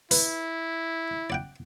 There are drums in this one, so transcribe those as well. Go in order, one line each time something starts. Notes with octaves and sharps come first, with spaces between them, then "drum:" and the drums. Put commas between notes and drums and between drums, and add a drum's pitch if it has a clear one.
E4 B4, drum: open hi-hat
D5 F#5 G5